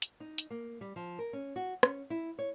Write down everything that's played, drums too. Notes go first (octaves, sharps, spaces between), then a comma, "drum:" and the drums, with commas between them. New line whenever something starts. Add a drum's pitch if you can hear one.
drum: hi-hat
D#4
drum: hi-hat
A#3
G3
F3
A#4
C#4
F#4
C#4, drum: rim click
E4
C#5